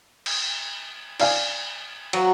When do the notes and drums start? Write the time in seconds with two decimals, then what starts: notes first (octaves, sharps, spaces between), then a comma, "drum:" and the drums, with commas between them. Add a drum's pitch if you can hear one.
0.26 drum: cymbal
1.20 D5 F5 G#5, drum: cymbal
2.13 F#3, drum: cymbal